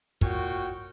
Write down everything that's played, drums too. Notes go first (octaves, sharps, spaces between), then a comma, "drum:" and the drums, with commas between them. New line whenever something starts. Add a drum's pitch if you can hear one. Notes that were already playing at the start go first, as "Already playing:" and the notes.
A#2 F#4 C#5 G5, drum: kick